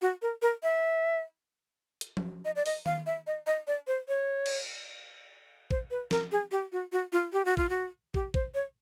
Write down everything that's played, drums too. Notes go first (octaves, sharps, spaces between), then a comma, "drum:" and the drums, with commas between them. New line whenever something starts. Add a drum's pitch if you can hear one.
F#4
A#4
A#4
E5
drum: hi-hat
drum: tom F3
D#5
D5
D#5, drum: open hi-hat
F5, drum: tom D#3
E5
D#5
D#5
D5
C5
C#5
drum: cymbal
C5, drum: kick
B4
A#4, drum: snare
G#4
G4
F#4
F#4
F4
G4
F#4
F4, drum: kick
F#4
G4, drum: kick
C5, drum: kick
C#5